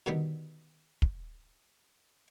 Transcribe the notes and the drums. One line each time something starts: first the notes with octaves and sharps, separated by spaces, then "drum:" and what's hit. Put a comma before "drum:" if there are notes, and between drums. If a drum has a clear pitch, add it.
B2 D3 D#3 G3 B3
drum: kick